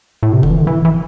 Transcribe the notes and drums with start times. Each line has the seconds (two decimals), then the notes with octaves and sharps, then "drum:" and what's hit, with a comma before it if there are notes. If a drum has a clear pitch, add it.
0.23 A2
0.33 C3
0.43 D3, drum: kick F#1
0.50 E3
0.61 D3
0.67 E3
0.85 E3